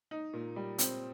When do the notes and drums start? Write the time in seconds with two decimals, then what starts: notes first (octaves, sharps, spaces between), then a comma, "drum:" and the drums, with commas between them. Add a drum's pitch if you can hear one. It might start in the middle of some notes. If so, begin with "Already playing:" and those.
0.11 D#4
0.33 A#2
0.56 G3
0.79 C4, drum: hi-hat